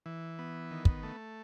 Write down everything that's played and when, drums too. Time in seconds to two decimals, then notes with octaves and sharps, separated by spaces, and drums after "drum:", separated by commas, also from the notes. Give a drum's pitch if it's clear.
0.06 E3
0.39 B3
0.71 D#3
0.85 drum: kick
1.03 A3